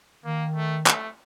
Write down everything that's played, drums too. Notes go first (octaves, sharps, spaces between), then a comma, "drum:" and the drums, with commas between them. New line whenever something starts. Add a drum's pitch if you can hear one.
D#3 A#3
A3
A3, drum: clap